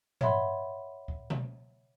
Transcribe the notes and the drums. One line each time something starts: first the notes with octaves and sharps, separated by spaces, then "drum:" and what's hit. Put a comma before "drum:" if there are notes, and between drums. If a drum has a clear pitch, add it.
C#5 D#5 E5 F#5 B5 C6, drum: tom
drum: kick C#2
drum: tom B2